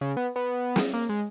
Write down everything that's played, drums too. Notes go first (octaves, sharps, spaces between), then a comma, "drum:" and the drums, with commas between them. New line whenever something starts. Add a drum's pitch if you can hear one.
C#3
B3
B3
drum: snare
A#3
G#3